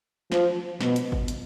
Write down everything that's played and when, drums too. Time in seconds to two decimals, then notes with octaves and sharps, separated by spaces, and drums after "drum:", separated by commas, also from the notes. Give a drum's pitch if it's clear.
0.32 F3, drum: snare
0.80 B2, drum: snare
0.96 drum: hi-hat
1.12 drum: kick G#1
1.28 drum: hi-hat